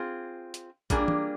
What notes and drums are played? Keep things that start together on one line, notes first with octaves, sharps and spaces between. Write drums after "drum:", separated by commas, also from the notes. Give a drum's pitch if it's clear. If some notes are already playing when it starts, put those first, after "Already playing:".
Already playing: C4 F4 G#4
drum: hi-hat
G3 A#3 D4 F4 G#4, drum: kick, hi-hat
drum: tom